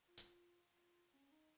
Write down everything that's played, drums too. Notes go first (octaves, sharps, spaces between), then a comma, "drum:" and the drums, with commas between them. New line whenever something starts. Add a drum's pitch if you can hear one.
F4
drum: hi-hat
C#4
C#4
D#4